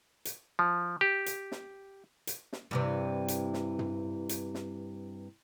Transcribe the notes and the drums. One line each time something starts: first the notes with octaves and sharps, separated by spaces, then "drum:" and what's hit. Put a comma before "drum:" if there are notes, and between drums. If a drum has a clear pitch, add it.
drum: hi-hat
F3
G4
drum: hi-hat
drum: snare
drum: hi-hat
drum: snare
G2 C3 E3
drum: hi-hat
drum: snare
drum: tom
drum: hi-hat
drum: snare